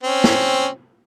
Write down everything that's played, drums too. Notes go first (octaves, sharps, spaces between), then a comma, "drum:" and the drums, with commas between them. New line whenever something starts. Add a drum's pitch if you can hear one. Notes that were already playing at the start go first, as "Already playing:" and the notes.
C4 C#4
drum: snare